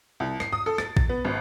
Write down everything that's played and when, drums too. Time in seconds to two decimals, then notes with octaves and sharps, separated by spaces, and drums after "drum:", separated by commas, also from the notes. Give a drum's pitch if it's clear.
0.20 C2
0.40 C7, drum: rim click
0.53 D#6
0.66 A4
0.78 A6, drum: rim click
0.97 A6, drum: kick A#1
1.09 B3
1.25 G#1